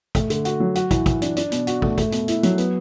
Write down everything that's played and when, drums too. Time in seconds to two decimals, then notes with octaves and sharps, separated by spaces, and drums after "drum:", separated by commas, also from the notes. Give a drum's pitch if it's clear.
0.15 A3, drum: kick, hi-hat
0.30 D3, drum: hi-hat
0.45 F#4, drum: hi-hat
0.60 F#3
0.75 F#4, drum: hi-hat
0.91 E3, drum: kick, hi-hat
1.06 E3, drum: kick, hi-hat
1.22 D4, drum: hi-hat
1.37 D4, drum: hi-hat
1.52 B2, drum: hi-hat
1.67 F#4, drum: hi-hat
1.82 A3, drum: kick
1.98 A3, drum: kick, hi-hat
2.12 B2, drum: hi-hat
2.28 E4, drum: hi-hat
2.43 F#3, drum: hi-hat
2.58 B3, drum: hi-hat